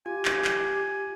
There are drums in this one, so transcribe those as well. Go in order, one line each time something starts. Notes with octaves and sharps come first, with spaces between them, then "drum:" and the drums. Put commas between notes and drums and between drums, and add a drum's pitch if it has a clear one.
F4 G4 G#5
drum: clap
drum: clap